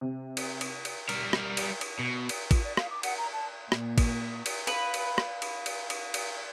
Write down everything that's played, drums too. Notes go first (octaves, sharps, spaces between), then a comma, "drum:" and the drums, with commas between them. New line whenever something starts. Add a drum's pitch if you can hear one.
C3
drum: cymbal
drum: cymbal
drum: cymbal
G3 A#4, drum: cymbal
drum: rim click
drum: cymbal
drum: cymbal
B2
drum: cymbal
F4, drum: kick, cymbal
D5
F5, drum: rim click
D6
F#5, drum: cymbal
A#5
A5
A#2, drum: rim click
drum: kick, cymbal
drum: cymbal
B4 F5, drum: cymbal
drum: cymbal
drum: rim click
drum: cymbal
drum: cymbal
drum: cymbal
drum: cymbal